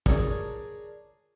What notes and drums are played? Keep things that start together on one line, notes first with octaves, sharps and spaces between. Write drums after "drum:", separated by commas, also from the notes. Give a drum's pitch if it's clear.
D4 G#4 A#4 C#5, drum: kick